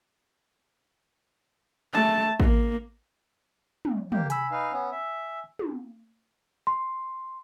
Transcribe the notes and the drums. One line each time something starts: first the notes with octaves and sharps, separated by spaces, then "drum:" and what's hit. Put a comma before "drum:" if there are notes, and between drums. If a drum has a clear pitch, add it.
A3 A5, drum: clap
A#3, drum: kick
drum: tom
A#3 G4, drum: tom
G#5 B5 E6, drum: hi-hat
D#4 B4 F5
B3 C#4
E5
drum: tom
C6